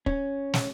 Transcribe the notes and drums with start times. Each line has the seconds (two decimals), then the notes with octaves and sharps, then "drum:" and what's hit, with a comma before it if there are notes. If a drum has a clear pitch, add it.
0.06 C#4, drum: kick
0.54 drum: snare